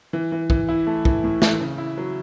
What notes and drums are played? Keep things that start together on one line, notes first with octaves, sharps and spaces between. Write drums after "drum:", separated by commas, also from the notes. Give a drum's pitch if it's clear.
E3
E3
E3, drum: kick
E4
A3
E3, drum: kick
A2
E3, drum: snare
C#3
E4
F#3